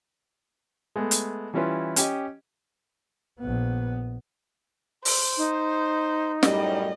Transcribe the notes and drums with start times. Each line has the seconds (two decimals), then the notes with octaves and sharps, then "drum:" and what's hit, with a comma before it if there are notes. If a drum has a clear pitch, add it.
0.96 G#3 A3 B3
1.11 drum: hi-hat
1.54 E3 G3 C#4 E4 F4 B4
1.96 C#4 G4 D#5, drum: hi-hat
3.40 A#1 B3
5.05 C5, drum: open hi-hat
5.37 D#4
6.43 F#2 A2 G3 D#5, drum: snare